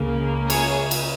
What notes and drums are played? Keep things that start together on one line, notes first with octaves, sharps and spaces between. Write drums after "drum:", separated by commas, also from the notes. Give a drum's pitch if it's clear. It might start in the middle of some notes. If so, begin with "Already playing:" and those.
Already playing: C#2 C#3 A#3
G#4 C#5, drum: cymbal
drum: cymbal